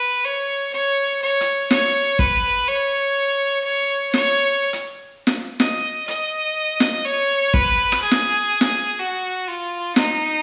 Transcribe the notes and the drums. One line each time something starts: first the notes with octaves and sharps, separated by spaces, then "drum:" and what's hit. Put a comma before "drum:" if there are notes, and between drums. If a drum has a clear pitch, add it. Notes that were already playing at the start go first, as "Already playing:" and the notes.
Already playing: B4
C#5
C#5
C#5
drum: hi-hat
C#5, drum: snare
B4, drum: kick
C#5
C#5
C#5, drum: snare
drum: hi-hat
drum: snare
D#5, drum: snare
D#5, drum: hi-hat
drum: snare
C#5
B4, drum: kick
drum: rim click
G#4
drum: snare
drum: snare
F#4
F4
D#4, drum: snare